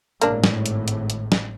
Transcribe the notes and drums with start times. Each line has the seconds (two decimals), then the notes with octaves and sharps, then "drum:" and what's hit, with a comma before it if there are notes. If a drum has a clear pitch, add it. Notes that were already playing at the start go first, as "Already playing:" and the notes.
0.22 G#1 A2 A#3 D4, drum: hi-hat
0.44 drum: snare
0.66 drum: hi-hat
0.88 drum: hi-hat
1.10 drum: hi-hat
1.32 drum: snare